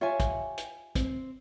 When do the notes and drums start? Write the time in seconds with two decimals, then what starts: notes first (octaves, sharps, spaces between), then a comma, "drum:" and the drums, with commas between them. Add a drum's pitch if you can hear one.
0.01 F4 G4 C#5 E5 G#5
0.20 drum: kick, hi-hat
0.58 drum: hi-hat
0.95 C4, drum: kick, hi-hat